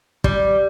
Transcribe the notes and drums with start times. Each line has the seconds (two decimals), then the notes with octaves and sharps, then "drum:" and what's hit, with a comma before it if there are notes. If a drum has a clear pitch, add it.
0.24 G3, drum: kick